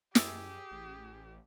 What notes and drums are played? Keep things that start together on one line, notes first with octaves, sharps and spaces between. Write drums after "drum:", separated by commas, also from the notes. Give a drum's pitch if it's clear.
F#2 G4 G#4 E6, drum: snare
A1